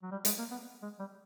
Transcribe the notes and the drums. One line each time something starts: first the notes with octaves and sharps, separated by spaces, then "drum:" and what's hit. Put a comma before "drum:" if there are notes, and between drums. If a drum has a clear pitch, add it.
F#3
G3
G#3, drum: hi-hat
A#3
B3
G#3
G3